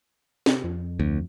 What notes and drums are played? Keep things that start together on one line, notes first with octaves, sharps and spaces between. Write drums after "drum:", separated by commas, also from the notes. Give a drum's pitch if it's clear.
C3, drum: snare
F2
D2